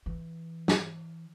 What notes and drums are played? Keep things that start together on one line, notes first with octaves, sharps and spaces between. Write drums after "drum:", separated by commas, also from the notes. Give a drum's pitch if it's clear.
E3
drum: snare